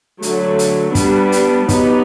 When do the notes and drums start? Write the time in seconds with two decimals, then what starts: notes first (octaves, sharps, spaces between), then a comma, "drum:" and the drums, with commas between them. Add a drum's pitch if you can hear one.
0.22 D3 F#3 A3, drum: hi-hat
0.59 drum: hi-hat
0.95 G3 B3 D4, drum: kick, hi-hat
1.32 drum: hi-hat
1.69 F#3 B3 D#4 G4, drum: kick, hi-hat